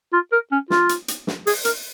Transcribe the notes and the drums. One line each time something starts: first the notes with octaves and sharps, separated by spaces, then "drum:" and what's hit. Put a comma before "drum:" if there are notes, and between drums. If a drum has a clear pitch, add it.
F4
A#4
C#4
F4, drum: snare
drum: hi-hat
drum: hi-hat
drum: snare
G#4, drum: open hi-hat
A#4, drum: hi-hat